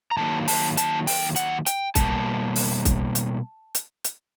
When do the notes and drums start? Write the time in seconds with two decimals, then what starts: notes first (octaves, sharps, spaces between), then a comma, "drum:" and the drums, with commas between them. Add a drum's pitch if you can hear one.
0.11 A#5
0.17 G2 D#3 F#3 A#3 A5
0.48 A5, drum: open hi-hat
0.77 A5, drum: hi-hat
1.07 G5, drum: open hi-hat
1.36 F#5, drum: hi-hat
1.66 G5, drum: hi-hat
1.95 B2 G3 A#3 A5, drum: kick, hi-hat
2.56 drum: open hi-hat
2.85 drum: kick, hi-hat
3.15 drum: hi-hat
3.75 drum: hi-hat
4.05 drum: hi-hat